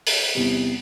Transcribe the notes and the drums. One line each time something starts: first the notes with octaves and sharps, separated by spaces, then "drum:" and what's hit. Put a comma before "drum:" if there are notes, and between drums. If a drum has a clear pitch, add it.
drum: open hi-hat
E2 C3 G3 B3